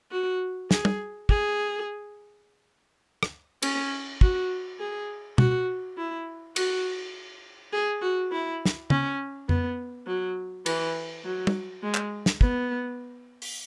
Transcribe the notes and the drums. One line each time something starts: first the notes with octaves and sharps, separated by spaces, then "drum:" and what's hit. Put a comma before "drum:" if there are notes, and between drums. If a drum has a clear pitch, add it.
F#4
G#4, drum: snare
drum: tom
G#4, drum: kick
drum: rim click
C#4, drum: cymbal
F#4, drum: kick
G#4
F#4, drum: tom B2
E4
F#4, drum: cymbal
G#4
F#4
E4
drum: snare
C#4, drum: tom C#3
B3, drum: tom F2
F#3
E3, drum: cymbal
F#3
drum: tom
G#3
drum: clap
drum: snare
B3, drum: kick
drum: open hi-hat